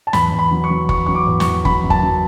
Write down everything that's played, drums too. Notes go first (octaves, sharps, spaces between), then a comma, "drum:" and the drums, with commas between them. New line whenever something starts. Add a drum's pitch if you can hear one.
A5
E2 B5, drum: snare
E2
B5
F#3
C#6
F#3
E2 C#6, drum: kick
F#3 C#6
D6
E2
C#6, drum: snare
E2
F#3 B5, drum: kick
F#2
A5, drum: kick
F#3